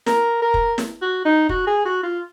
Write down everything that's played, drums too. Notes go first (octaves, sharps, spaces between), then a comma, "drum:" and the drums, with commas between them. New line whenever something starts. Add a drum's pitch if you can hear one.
A#4, drum: snare
A#4
drum: kick
drum: snare
F#4
D#4
F#4, drum: kick
G#4
F#4
F4